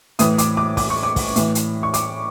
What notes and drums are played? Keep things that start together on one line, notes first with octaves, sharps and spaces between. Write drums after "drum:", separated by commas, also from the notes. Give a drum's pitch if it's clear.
A2 E3 D#6, drum: hi-hat
D6, drum: hi-hat
D6
D6, drum: kick, open hi-hat
C#6
D6
drum: kick, open hi-hat
A2 E3, drum: hi-hat
drum: hi-hat
C#6
D6, drum: hi-hat